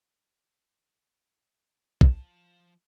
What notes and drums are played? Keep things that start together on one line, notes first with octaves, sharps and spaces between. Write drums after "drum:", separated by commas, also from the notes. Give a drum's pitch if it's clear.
F3 A5, drum: kick